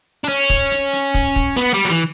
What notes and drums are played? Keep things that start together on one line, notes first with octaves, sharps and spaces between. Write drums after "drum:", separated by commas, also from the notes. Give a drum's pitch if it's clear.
D4
C#4
drum: kick, hi-hat
drum: hi-hat
drum: hi-hat
drum: kick, hi-hat
drum: kick
B3, drum: open hi-hat
G3
F#3
E3